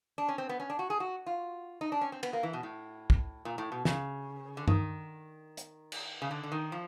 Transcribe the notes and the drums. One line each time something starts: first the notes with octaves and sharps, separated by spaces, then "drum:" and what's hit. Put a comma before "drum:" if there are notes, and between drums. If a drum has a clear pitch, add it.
D4
C#4
C4
B3
C#4
D4
F#4
G#4
F#4
F4
D#4
D4
C#4
C4
B3, drum: cymbal
A#3
E3
B2
A2
drum: kick
A#2
A2
B2
C#3, drum: snare
D3
D#3, drum: tom
drum: hi-hat
drum: cymbal
C#3
D3
D3
D#3
F3